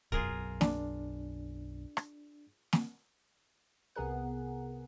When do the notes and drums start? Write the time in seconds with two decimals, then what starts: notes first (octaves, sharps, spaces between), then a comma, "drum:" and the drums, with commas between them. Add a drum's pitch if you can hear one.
0.12 B1 F#2 F4 G#4 A#4, drum: kick
0.61 D4, drum: snare
1.97 drum: rim click
2.73 drum: snare
3.96 C2 C3 B3 G#4 A#4 F#5